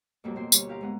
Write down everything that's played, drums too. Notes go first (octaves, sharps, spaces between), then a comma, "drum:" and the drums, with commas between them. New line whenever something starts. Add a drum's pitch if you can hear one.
F2 A2 F#3 G3 A#3 C4
B2 F#3 A#3 C5 G5 C6
D2 G3 C#5, drum: tambourine
E4 G4 F5 A#5 C6
G#2 G#3 B3 F#5